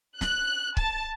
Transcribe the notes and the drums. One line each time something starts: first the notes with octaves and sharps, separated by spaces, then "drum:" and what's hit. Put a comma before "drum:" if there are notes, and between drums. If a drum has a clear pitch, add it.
F#6, drum: snare
A5, drum: kick C#1